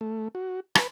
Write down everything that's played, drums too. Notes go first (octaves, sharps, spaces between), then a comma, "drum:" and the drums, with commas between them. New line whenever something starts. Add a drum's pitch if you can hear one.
A3
F#4
B4, drum: rim click